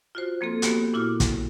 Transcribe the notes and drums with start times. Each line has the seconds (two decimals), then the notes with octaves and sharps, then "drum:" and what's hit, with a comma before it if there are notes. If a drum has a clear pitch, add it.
0.15 F4 F#4 C5
0.41 F3 A#3 C4 A4
0.62 A#3 B3 F#4 G4, drum: hi-hat
0.94 A#2 E4 F#4 D6 F6
1.20 drum: kick, hi-hat